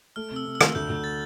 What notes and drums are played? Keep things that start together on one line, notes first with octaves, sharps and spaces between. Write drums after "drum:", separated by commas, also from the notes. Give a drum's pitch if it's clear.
A3 F6
C3
E6
C3
E6
A3, drum: rim click
D2 G6
D2
A6